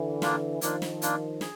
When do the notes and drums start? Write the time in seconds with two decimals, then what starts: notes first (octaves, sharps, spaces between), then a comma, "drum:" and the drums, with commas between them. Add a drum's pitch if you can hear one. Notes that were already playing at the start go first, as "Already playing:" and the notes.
Already playing: D3 E3
0.22 A#3 D4 F4, drum: snare
0.61 D#3 F3 A#3 D4 F4, drum: hi-hat
0.82 drum: snare
1.02 A#3 D4 F4, drum: hi-hat
1.41 G#4, drum: snare